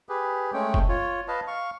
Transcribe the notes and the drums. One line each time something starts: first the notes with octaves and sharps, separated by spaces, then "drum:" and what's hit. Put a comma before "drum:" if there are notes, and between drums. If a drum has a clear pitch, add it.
G4 G#4 B4
G#3 A3 C#4 G5
drum: kick F1
F4 C#5
B4 D#5 F5 A5
F5 C#6